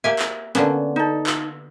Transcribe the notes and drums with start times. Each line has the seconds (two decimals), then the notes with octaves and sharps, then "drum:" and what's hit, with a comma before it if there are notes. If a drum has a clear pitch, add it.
0.04 A#3 G4 E5 G#5
0.19 drum: clap
0.55 D3 A#3 B3 C#4, drum: hi-hat
0.96 D#4 A4
1.27 drum: clap